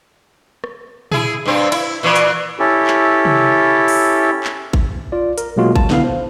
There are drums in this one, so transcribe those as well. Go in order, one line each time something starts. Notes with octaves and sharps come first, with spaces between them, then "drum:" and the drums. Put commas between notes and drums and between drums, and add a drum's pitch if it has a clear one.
drum: rim click
E4 G#4, drum: tom A#2
G2 C4
E4, drum: cymbal
A#2 E3
drum: hi-hat
C#4 E4 G4 A4
drum: clap
drum: tom C3
drum: open hi-hat
drum: clap
drum: kick G#1
F4 D5
A#4, drum: hi-hat
B2 F#3 G#3 A#3 F4 F#4
A5, drum: kick G#1
D3 B3 E4 F5, drum: snare
C5